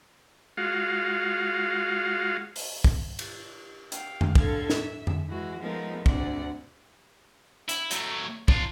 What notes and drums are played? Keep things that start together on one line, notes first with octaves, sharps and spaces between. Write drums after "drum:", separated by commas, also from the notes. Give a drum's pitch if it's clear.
G#3 F4 F#4 F5
drum: open hi-hat
drum: kick
drum: cymbal
F5 G5, drum: hi-hat
drum: tom F2
E2 A2 D3 A4 F5 G#6, drum: kick
E5, drum: snare
drum: tom F2
E3 G#3 F#4
F3 G#3 A3 B3 D#4 A#4
D2 C3 D5 F#5, drum: kick
E4, drum: hi-hat
F#3 A3, drum: hi-hat
D4 F4, drum: kick